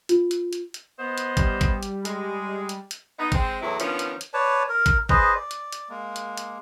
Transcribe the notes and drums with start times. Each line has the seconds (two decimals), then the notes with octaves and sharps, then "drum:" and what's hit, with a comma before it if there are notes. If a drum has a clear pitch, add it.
0.09 F4, drum: hi-hat
0.31 drum: hi-hat
0.53 drum: hi-hat
0.74 drum: hi-hat
0.99 B3 C5 D#5
1.18 drum: hi-hat
1.37 G3, drum: kick, hi-hat
1.61 drum: kick, hi-hat
1.83 drum: hi-hat
2.05 G#3, drum: hi-hat
2.69 drum: hi-hat
2.91 drum: hi-hat
3.17 B3 D#4
3.32 G#3 C4, drum: kick, hi-hat
3.60 E2 A2 F#3 E4
3.80 D#3 F3 B3 C#4 D4, drum: hi-hat
3.99 drum: hi-hat
4.21 drum: hi-hat
4.34 B4 C#5 D5 A5
4.69 A#4
4.86 drum: kick, hi-hat
5.09 G#4 B4 C5 D#5, drum: kick
5.34 D5
5.51 drum: hi-hat
5.72 drum: hi-hat
5.89 G#3 A#3
6.16 drum: hi-hat
6.37 drum: hi-hat